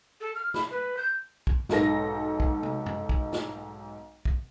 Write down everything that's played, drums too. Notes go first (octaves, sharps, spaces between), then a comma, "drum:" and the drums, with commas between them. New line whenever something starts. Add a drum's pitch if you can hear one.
A4
F6
B5, drum: snare
B4
G6
drum: kick
B1 G#2 A4 A#6, drum: snare
drum: kick
drum: tom C3
drum: tom F#2
drum: kick
drum: snare
drum: kick